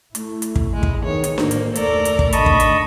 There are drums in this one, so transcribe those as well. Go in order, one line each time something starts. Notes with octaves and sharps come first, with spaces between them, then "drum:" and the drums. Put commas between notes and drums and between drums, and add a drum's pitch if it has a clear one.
A3 E4, drum: hi-hat
drum: hi-hat
drum: kick
G#3
drum: kick
D#3 B3 G#4 C#5
drum: hi-hat
A2 D3 A#3 C5, drum: snare D4
drum: hi-hat
F#1 D#2 A3 A4 A#4 D5, drum: hi-hat
drum: hi-hat
drum: kick
G#1 D3 D#5 A5 B5 C#6, drum: hi-hat
drum: kick
drum: hi-hat